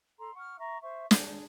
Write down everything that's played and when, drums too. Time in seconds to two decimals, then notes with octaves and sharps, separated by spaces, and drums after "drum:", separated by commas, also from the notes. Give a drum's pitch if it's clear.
0.19 A4 A#5 C6
0.35 F#5 C#6 F6
0.58 E5 A#5 C#6
0.82 C5 E5 C#6
1.11 D4 G#4, drum: snare